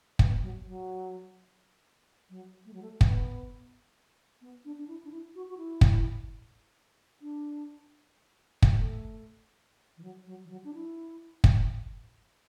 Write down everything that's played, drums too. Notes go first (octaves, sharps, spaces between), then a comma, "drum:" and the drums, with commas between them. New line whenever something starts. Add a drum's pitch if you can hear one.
B3, drum: kick
F#3
F#3
F#3
A3
F#3
A3
B3, drum: kick
B3
D4
D4
E4
D4
E4
F#4
F#4
E4
drum: kick
D4
A3, drum: kick
F#3
A3
E3
F#3
F#3
E3
F#3
D4
E4
drum: kick